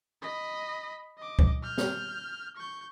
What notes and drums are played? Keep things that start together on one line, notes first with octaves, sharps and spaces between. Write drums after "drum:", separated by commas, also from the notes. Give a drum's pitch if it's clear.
D#5 B5
D#5 D6
drum: kick
F6 G6
drum: snare
C#6 G6